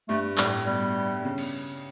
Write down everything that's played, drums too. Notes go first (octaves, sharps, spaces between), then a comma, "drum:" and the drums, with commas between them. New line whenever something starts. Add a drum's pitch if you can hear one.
G2 A3
A2 G3, drum: clap
B2 G3
C#3
drum: cymbal